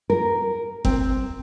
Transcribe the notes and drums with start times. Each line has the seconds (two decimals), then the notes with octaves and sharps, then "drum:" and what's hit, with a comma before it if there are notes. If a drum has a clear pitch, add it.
0.10 A#4
0.85 C4, drum: kick F#1